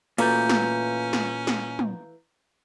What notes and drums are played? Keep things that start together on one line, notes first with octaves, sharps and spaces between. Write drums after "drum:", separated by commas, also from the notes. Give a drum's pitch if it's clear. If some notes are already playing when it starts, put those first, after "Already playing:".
A#2 E3 A3 C#4 F#4 F5 A#5 G6, drum: cymbal
drum: snare
drum: snare
drum: snare
drum: tom